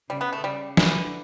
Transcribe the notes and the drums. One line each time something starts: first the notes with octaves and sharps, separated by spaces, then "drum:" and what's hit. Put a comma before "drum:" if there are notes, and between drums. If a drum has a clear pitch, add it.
C#3 G3
B3
A3
C#3 G3
D3 E3, drum: snare